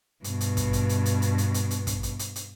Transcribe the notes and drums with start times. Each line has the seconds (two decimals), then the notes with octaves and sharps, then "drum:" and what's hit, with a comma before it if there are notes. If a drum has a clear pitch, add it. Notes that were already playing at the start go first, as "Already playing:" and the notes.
0.24 G2 B2, drum: hi-hat
0.41 drum: hi-hat
0.57 drum: kick, hi-hat
0.73 drum: hi-hat
0.89 drum: hi-hat
1.06 drum: hi-hat
1.22 drum: hi-hat
1.38 drum: hi-hat
1.54 drum: hi-hat
1.71 drum: hi-hat
1.87 drum: kick, hi-hat
2.03 drum: hi-hat
2.19 drum: hi-hat
2.36 drum: hi-hat